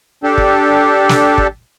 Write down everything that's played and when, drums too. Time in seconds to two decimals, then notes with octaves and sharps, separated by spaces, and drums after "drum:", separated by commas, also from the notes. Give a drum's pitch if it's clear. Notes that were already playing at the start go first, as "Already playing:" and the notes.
0.23 D4 G4 A4
0.38 drum: kick
1.09 drum: snare
1.38 drum: kick